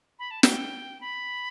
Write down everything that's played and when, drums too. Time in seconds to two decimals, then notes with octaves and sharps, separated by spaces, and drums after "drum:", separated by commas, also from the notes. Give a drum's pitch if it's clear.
0.19 B5
0.31 A5
0.43 G5, drum: snare
1.01 B5